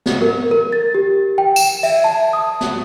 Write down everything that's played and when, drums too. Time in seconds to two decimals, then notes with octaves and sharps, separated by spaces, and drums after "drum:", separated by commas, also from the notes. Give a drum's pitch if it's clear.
0.06 drum: snare
0.22 A#4
0.51 A#4
0.72 A6
0.94 G4
1.38 G5
1.56 E7, drum: tambourine
1.83 E5, drum: cymbal
2.04 A5
2.33 D#6
2.61 drum: snare